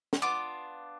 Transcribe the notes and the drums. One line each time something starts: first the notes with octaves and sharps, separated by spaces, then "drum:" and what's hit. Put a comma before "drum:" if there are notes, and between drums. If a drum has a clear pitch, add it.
drum: snare
B3 D4 F4 D6